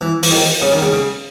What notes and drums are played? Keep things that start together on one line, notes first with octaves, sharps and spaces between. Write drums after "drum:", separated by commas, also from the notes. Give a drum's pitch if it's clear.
E3
E3, drum: open hi-hat
D#3
C#3
D#3
C#3
C#3